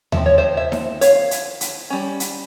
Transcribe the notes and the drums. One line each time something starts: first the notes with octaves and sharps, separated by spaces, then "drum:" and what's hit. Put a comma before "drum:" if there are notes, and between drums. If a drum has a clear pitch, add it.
F3 C4 E5, drum: tom D#2
C#5
C5 E5
C5 E5
drum: snare D#4
C#5 F5, drum: hi-hat
drum: hi-hat
drum: hi-hat
G3 C#4
drum: hi-hat